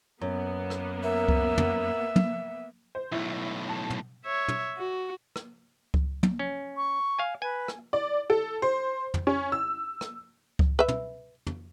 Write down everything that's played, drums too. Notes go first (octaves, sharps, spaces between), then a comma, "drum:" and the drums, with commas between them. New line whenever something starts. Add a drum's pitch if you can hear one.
F#2 A#3 B3
drum: rim click
A#4 E5
drum: kick C#2
drum: tom
drum: tom
C5
B1 A2 E4
A5
drum: tom
C#5 E5
drum: tom
F#4
drum: rim click
drum: kick C#2
drum: tom
C#4
C#6
F5 G#5
B4 G#5
drum: rim click
D5
A4
C5
drum: tom
C#4
E6
drum: rim click
drum: kick C#2
B4 E5
drum: tom
drum: tom